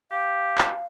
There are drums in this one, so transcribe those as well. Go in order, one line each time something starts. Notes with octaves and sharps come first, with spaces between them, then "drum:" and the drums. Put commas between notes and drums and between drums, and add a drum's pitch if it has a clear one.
G4 F5
drum: clap